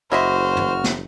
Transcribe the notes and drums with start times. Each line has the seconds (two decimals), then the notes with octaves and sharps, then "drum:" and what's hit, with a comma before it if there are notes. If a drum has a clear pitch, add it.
0.12 F#1 E4 F#4 C5 D#5 E5 F6
0.57 drum: tom
0.84 drum: snare